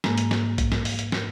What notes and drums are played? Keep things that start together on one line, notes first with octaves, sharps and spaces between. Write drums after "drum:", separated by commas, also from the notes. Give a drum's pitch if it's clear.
G#2 G#3 A#3, drum: snare
drum: hi-hat
drum: snare
drum: kick A#1, hi-hat
drum: snare
drum: open hi-hat
drum: hi-hat
drum: snare